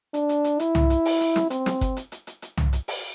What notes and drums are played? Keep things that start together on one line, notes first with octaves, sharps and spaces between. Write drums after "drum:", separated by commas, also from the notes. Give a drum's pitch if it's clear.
D4, drum: hi-hat
drum: hi-hat
drum: hi-hat
E4, drum: hi-hat
drum: tom C2
drum: hi-hat
drum: open hi-hat
drum: hi-hat
drum: snare
C4, drum: hi-hat
drum: snare
drum: kick G1, hi-hat
drum: hi-hat
drum: hi-hat
drum: hi-hat
drum: hi-hat
drum: tom C2
drum: hi-hat
drum: open hi-hat